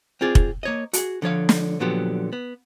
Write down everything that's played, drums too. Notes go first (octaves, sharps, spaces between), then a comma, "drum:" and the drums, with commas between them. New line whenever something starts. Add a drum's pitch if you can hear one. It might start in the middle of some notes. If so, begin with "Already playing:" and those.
C4 F4 G#4 D5
drum: kick
A#3 C#5 D#5
F#4 G#4, drum: hi-hat
D3 F3 C#5 F5
drum: snare
A#2 D3 F3 F#3 B3 G4
B3